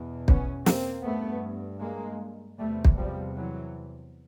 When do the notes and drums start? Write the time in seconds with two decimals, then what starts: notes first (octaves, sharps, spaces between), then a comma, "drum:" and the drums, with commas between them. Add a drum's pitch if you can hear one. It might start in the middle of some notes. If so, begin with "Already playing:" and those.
Already playing: E2 B2
0.28 B3 C#4, drum: kick
0.66 A#3 C4, drum: snare
1.05 G2 A3 B3
1.82 G#3 A#3
2.59 E2 C3 G3 A3
2.85 drum: kick
2.98 F3 G3
3.36 E3 F#3